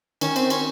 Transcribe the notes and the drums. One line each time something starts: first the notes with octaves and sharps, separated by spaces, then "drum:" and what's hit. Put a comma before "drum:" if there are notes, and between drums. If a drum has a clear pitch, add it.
D#3 C#4, drum: cymbal
C4, drum: cymbal
C#4, drum: cymbal